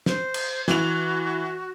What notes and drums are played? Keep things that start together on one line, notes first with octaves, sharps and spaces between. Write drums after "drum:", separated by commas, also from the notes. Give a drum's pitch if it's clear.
C5, drum: snare
drum: cymbal
E3 F#4 F7, drum: snare